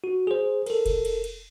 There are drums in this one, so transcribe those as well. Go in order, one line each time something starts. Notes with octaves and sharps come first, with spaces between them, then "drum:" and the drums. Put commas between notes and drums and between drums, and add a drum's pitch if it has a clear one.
F#4
G#4 C5
A4 A#4, drum: cymbal
drum: kick F1, cymbal
drum: cymbal
drum: cymbal